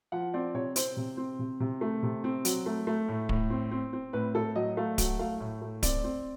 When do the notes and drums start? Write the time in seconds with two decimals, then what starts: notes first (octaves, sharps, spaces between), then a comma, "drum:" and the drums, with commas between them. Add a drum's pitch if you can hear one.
0.12 F3 F#5
0.34 C4 D5
0.54 C3 C#5
0.76 C4 C5, drum: hi-hat
0.97 C3
1.17 C4
1.39 C3
1.60 C3
1.81 A3
2.03 C3
2.24 C4
2.45 F#3, drum: hi-hat
2.66 A3
2.87 A3
3.08 A2
3.29 A2, drum: kick D1
3.50 C4
3.71 C4
3.93 C4
4.13 A2 B4
4.35 A2 A4
4.56 F#3 D#5
4.77 A3 F5
4.98 F#3 F#5, drum: kick D1, hi-hat
5.19 A3 F5
5.40 A2
5.62 A3
5.83 C4 D5, drum: kick D1, hi-hat
6.04 C4